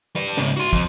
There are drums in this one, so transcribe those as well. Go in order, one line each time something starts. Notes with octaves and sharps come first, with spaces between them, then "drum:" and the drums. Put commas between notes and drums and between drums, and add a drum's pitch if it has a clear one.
G3 B4
G#2 C#3, drum: snare
F#4 C6
F2, drum: kick